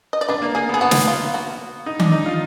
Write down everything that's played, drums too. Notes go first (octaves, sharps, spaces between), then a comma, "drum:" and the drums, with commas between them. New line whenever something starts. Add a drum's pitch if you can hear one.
D#5
D5
D4 B4
A#3
A#3 G#4
B3
G#4
B3 F#4
drum: snare
F4
F#4
D#4
D4, drum: tom D#3
D#4
F4